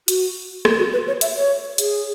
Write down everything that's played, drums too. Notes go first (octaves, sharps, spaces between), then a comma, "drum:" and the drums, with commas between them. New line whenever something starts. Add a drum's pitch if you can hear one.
F#4, drum: hi-hat
G#4, drum: rim click
F#4
B4
C#5
E5, drum: hi-hat
C#5
G#4, drum: hi-hat